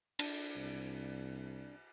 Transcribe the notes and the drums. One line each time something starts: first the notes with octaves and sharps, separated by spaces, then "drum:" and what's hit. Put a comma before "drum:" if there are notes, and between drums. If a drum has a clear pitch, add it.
D4, drum: cymbal
C2